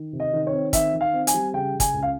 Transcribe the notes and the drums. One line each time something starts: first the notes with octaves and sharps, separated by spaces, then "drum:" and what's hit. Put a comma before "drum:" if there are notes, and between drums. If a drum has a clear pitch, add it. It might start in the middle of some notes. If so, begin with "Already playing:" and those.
Already playing: D#3
C3
D#5
D#3
C#5
C4
D#3 E5, drum: kick, hi-hat
D#3
F5
C4
G#5, drum: hi-hat
G3
C#3 G5
C#3
G#5, drum: kick, hi-hat
C#2
F5